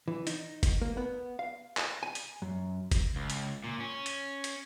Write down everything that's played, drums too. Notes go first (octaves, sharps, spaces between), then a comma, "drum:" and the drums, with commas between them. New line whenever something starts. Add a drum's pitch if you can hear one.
E3
D#4, drum: hi-hat
drum: kick F#1, hi-hat
A#3
B3
F5
drum: clap
G#5
drum: hi-hat
F#2
drum: kick F#1, hi-hat
C#2
drum: hi-hat
A#2
C#4
drum: hi-hat
drum: hi-hat